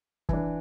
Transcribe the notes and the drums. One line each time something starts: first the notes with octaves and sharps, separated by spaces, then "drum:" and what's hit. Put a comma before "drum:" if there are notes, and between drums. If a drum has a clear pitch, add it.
E3 D4, drum: kick